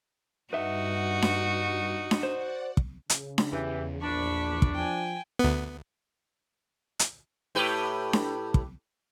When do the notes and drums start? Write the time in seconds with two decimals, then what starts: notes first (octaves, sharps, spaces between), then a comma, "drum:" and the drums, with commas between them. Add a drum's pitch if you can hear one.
0.53 G2 D#4 F#4 B4 E5 F#5
1.22 drum: snare D4
2.11 drum: snare D4
2.23 C5 D5 F#5
2.77 drum: kick
3.10 C#3, drum: hi-hat
3.38 drum: snare D4
3.52 E2 E3 G4
4.02 A#1 D4 B5 C#6
4.62 drum: kick
4.75 F3 G5 G#5
5.39 D2 B3
6.99 drum: hi-hat
7.55 A2 G4 B4
8.13 drum: snare D4
8.54 drum: kick